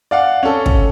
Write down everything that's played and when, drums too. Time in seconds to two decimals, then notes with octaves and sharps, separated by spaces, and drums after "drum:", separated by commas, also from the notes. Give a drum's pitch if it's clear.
0.11 D5 F5 F#5
0.43 C#4 A4
0.66 drum: kick